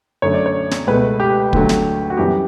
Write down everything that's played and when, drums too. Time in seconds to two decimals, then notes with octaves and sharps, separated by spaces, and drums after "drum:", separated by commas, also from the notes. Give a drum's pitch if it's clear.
0.22 F#2 D3 A3 C#5
0.34 D5
0.46 C#5
0.71 drum: snare
0.87 C#2 B2 A3 B4
1.20 G4
1.53 D2 D3 F#3 A3, drum: kick
1.69 drum: snare
2.10 F#4
2.17 F#2 E3 G3 B3 G4